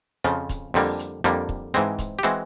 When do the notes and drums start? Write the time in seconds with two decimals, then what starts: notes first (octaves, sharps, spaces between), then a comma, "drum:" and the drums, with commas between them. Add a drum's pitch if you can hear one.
0.24 F2 C#3 F3, drum: hi-hat
0.49 drum: kick C#1, hi-hat
0.74 F2 D3 G3 A#3, drum: open hi-hat
0.99 drum: hi-hat
1.24 F2 D3 G3 A#3, drum: hi-hat
1.49 drum: kick C#1
1.74 G#2 E3 G#3 C4, drum: hi-hat
1.99 drum: kick C#1, hi-hat
2.19 G4
2.23 E3 G#3 C4 F#4, drum: hi-hat